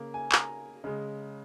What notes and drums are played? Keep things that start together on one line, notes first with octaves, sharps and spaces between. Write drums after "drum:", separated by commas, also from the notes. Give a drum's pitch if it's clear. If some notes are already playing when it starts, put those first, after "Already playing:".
Already playing: C#3 A#3
G#5
A#5, drum: clap
C#3 G#3